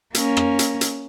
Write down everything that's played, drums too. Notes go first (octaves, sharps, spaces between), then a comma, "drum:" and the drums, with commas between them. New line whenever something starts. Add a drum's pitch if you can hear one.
A#3 C#4, drum: hi-hat
drum: rim click
drum: hi-hat
drum: hi-hat